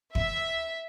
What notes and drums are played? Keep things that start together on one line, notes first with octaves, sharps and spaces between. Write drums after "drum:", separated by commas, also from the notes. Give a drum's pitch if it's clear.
E5, drum: kick